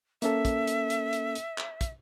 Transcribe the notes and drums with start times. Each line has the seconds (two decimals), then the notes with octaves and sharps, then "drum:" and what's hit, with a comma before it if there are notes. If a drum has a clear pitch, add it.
0.22 A#3 C#4 A4 E5, drum: hi-hat
0.45 drum: kick, hi-hat
0.67 drum: hi-hat
0.90 drum: hi-hat
1.13 drum: hi-hat
1.35 drum: hi-hat
1.58 drum: clap
1.81 drum: kick, hi-hat